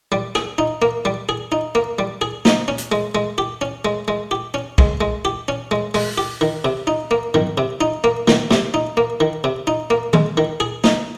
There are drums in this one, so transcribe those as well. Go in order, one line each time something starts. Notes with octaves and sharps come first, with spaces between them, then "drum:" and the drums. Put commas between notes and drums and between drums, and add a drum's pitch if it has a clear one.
G3
G#4, drum: rim click
D#4
A#3
G3
G#4
D#4
A#3
G3
G#4
D#4, drum: snare
C#4
drum: hi-hat
G#3
G#3
G4
C#4
G#3
G#3
G4
C#4
G#3, drum: kick
G#3
G4
C#4
G#3
G#3, drum: open hi-hat
G4
D#3
C3
D#4
A#3
D#3, drum: tom G#2
C3
D#4
A#3
D#3, drum: snare
C3, drum: snare
D#4
A#3
D#3
C3
D#4
A#3
G#3, drum: tom D#3
D#3
G#4
D#4, drum: snare